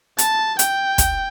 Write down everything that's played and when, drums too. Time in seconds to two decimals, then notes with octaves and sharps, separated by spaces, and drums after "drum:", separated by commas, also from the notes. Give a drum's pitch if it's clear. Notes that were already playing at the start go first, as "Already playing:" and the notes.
0.19 A5, drum: hi-hat
0.59 G5, drum: hi-hat
0.98 drum: kick, hi-hat